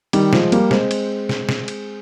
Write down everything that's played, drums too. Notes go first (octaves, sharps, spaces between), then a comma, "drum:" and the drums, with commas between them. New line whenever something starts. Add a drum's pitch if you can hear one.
D#3 G3, drum: cymbal
F3 G#3, drum: snare
G3 A#3, drum: cymbal
G#3 C4, drum: snare
drum: cymbal
drum: snare
drum: snare
drum: cymbal